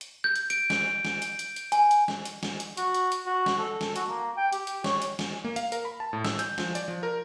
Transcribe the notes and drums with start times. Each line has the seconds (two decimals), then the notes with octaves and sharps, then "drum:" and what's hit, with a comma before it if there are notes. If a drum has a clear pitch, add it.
0.01 drum: hi-hat
0.24 G6
0.36 drum: hi-hat
0.50 D7, drum: hi-hat
0.70 drum: snare
1.05 drum: snare
1.22 drum: hi-hat
1.39 drum: hi-hat
1.56 drum: hi-hat
1.72 G#5, drum: hi-hat
1.91 drum: hi-hat
2.08 drum: snare
2.25 drum: hi-hat
2.43 drum: snare
2.60 drum: hi-hat
2.77 F#4, drum: hi-hat
2.94 drum: hi-hat
3.12 drum: hi-hat
3.27 F#4
3.46 drum: snare
3.59 A4
3.81 drum: snare
3.96 F#4, drum: hi-hat
4.09 A#3
4.37 G5
4.53 G4, drum: hi-hat
4.67 drum: hi-hat
4.84 C#5, drum: snare
5.02 drum: hi-hat
5.19 drum: snare
5.44 A#3
5.56 F5, drum: hi-hat
5.72 A#4, drum: hi-hat
5.85 B5
6.00 A5
6.13 A2
6.24 E6, drum: snare
6.39 G6, drum: hi-hat
6.58 F3, drum: snare
6.75 D5, drum: hi-hat
6.88 F3
7.03 A#4